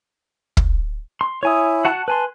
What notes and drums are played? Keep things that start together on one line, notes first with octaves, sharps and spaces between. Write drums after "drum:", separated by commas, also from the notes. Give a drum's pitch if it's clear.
drum: kick
C6
E4 C#5 G#5 D#6
F#4 F#5 A5
B4 G#5 A5 C6